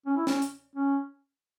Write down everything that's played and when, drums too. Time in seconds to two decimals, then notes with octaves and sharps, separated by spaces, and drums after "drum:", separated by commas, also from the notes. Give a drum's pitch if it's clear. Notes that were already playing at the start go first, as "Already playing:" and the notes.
0.06 C#4
0.16 E4
0.27 C#4, drum: snare
0.42 drum: hi-hat
0.75 C#4